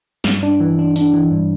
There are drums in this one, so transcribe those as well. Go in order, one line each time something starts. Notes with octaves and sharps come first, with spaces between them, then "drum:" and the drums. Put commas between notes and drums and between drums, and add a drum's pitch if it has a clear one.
G2, drum: snare
D4
E3
D4
D4, drum: hi-hat
E3
G2